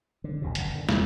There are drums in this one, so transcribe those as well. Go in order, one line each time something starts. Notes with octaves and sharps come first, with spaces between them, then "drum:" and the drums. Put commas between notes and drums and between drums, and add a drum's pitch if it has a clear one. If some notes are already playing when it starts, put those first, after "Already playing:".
D3
A#1 D#2 B2
G1 F#2 B2, drum: hi-hat
D3
E2 B2 A3 C4, drum: snare